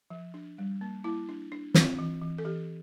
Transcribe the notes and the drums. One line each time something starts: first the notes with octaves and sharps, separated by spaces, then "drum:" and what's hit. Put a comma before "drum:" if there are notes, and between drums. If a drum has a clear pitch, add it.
F3
D4
G3
A#3
A#3 E4
D4
D4
C4 F4, drum: snare
E3
E3
A4
E3 G4